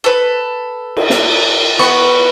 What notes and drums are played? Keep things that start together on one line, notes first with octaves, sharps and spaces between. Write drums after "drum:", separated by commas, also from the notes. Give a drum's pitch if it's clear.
A4 B4
drum: cymbal
drum: snare
B3 F#5 C#6